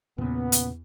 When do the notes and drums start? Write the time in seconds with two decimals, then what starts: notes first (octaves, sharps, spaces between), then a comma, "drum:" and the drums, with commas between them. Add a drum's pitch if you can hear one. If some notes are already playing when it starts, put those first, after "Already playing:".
0.18 E2 A#2 C#3 B3
0.52 drum: hi-hat